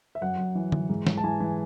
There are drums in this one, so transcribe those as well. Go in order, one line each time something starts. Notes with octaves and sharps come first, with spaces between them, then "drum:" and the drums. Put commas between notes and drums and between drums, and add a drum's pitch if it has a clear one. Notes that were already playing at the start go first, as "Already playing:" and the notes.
E5
F#2 F#5
F#2
E3
E3, drum: tom
G#2
G#2, drum: snare
A5
E3 G#5
E3